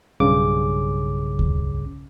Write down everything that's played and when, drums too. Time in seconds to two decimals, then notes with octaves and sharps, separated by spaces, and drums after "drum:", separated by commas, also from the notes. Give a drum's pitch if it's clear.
0.20 B1 G2 C#3 D6
1.39 drum: kick D2